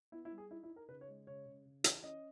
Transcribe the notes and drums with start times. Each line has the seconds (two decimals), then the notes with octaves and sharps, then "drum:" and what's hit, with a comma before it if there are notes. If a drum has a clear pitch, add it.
0.12 B3 E4
0.25 E4
0.31 G3
0.38 G#4
0.50 D#4 E4
0.63 E4
0.70 D#4
0.76 A#4
0.88 C#3 B4
1.01 C#5
1.08 G#3
1.27 C#3 C#5
1.46 C#3
1.65 C#3
1.84 E3, drum: hi-hat
2.03 C#4 D#5